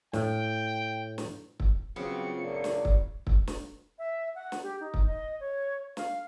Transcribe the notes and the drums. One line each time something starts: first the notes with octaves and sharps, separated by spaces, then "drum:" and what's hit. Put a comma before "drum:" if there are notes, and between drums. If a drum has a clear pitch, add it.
A2 G5, drum: snare
drum: snare
drum: kick
C#3 F#3 G3 B3 C4 F4 C#7
F#1 A2 A#3 D4 F4 D5
drum: snare
drum: kick
drum: kick
drum: snare
E5
F#5
drum: snare
G4
D#4
drum: kick
D#5
C#5
F5, drum: snare